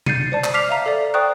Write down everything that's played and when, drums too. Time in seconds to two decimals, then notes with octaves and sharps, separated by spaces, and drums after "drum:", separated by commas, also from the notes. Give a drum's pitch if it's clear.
0.06 G6 A6 C7 C#7 D#7, drum: tom B2
0.32 C5 D5 A5
0.44 drum: clap
0.54 D6 F6 B6 C7 F7
0.69 E5 F5 A#5
0.86 A4 D5
1.14 C5 D5 G5 C#6 D#6 F#6